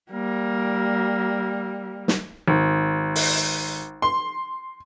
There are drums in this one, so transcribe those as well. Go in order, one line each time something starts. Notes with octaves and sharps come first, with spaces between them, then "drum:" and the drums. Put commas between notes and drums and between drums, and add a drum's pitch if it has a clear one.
G3 A#3
drum: snare
G#1
drum: open hi-hat
C6